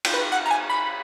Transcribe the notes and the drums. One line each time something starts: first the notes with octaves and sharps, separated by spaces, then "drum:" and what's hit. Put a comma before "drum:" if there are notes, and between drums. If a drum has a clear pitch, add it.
drum: cymbal
B4
F#5
A#5
G#5
B5